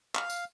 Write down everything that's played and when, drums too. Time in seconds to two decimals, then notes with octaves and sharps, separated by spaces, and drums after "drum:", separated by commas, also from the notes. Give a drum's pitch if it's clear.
0.15 F5, drum: clap
0.30 drum: tambourine